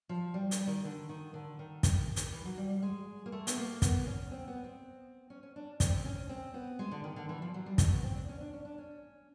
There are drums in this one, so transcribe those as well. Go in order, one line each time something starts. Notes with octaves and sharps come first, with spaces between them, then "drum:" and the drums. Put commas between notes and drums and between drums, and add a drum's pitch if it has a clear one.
F3
G3
G3, drum: hi-hat
D#3
D3
D#3
D3
D#3
drum: kick, hi-hat
drum: hi-hat
E3
F#3
G3
G3
G#3
A#3
A3
B3, drum: hi-hat
A#3
B3, drum: kick, hi-hat
C#4
C4
B3
C4
C#4
C#4
D4
C4, drum: kick, hi-hat
C#4
C4
B3
G#3
D3
D#3
D3
E3
F3
F#3
G3
A3, drum: kick, hi-hat
B3
C4
D4
C#4
D4
C#4
D4
C#4